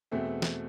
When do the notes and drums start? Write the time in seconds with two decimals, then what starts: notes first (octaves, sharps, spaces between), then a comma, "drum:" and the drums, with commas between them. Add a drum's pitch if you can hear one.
0.12 E2 B2 A3 C4 E5
0.42 drum: snare